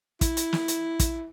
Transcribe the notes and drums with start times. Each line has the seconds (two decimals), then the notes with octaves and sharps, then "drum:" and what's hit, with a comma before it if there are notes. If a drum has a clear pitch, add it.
0.21 E4, drum: kick, hi-hat
0.37 drum: hi-hat
0.53 drum: snare
0.68 drum: hi-hat
1.00 drum: kick, hi-hat